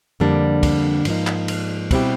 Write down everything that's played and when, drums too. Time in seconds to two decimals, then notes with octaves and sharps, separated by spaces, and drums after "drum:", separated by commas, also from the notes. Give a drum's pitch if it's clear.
0.20 F2 D3 G3 A#3 D4
0.63 drum: kick, cymbal
1.05 G#2 F3 A#3 D#4, drum: cymbal
1.27 drum: clap
1.48 drum: cymbal
1.91 B2 G3 C4 E4 G4, drum: kick, cymbal